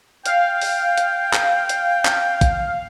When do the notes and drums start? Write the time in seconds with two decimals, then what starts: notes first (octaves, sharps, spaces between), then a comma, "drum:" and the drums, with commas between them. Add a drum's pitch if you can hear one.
0.26 F5 G5, drum: hi-hat
0.62 drum: open hi-hat
0.97 drum: hi-hat
1.33 drum: clap
1.69 drum: hi-hat
2.05 drum: clap
2.41 drum: kick, hi-hat